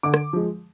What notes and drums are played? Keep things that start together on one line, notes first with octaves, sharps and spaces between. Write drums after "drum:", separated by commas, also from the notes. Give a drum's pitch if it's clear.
D3 D6
drum: rim click
F3 G#3